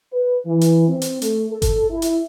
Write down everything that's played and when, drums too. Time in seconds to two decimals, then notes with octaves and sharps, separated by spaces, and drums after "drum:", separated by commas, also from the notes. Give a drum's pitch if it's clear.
0.12 B4
0.45 E3
0.61 drum: hi-hat
0.88 C4
1.02 drum: hi-hat
1.22 A3, drum: hi-hat
1.51 A4
1.62 drum: kick G1, hi-hat
1.90 E4
2.02 drum: hi-hat